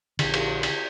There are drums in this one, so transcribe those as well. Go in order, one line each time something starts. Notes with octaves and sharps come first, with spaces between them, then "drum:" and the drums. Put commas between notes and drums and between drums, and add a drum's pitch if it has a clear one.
A#1 D3, drum: cymbal
drum: cymbal
drum: cymbal